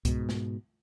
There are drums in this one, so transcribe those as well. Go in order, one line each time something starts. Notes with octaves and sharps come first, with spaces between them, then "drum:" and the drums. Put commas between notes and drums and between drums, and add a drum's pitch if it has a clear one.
G#2 B2, drum: kick C2, hi-hat
drum: snare